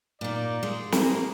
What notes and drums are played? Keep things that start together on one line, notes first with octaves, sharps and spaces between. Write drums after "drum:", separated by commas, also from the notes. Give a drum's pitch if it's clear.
A#2 D#4 D5
G#3
A#3, drum: snare